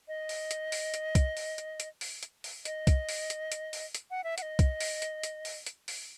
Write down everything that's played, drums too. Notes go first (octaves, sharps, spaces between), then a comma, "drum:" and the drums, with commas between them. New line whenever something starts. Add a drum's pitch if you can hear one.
D#5
drum: open hi-hat
drum: hi-hat
drum: open hi-hat
drum: hi-hat
drum: kick, hi-hat
drum: open hi-hat
drum: hi-hat
drum: hi-hat
drum: open hi-hat
drum: hi-hat
drum: open hi-hat
D#5, drum: hi-hat
drum: kick, hi-hat
drum: open hi-hat
drum: hi-hat
drum: hi-hat
drum: open hi-hat
drum: hi-hat
F#5
E5
F#5, drum: hi-hat
D#5
drum: kick, hi-hat
drum: open hi-hat
drum: hi-hat
drum: hi-hat
drum: open hi-hat
drum: hi-hat
drum: open hi-hat